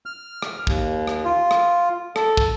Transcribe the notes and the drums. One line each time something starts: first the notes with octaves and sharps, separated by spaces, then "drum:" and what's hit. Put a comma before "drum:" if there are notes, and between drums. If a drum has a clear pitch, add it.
F6
drum: rim click
D#2, drum: kick
drum: rim click
F4
drum: rim click
A4, drum: rim click
drum: kick